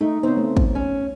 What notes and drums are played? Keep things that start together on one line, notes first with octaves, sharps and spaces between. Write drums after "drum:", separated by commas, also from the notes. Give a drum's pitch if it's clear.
A3 D#4
C#3 B3 C4 D#4 C5
A3
drum: kick
C#4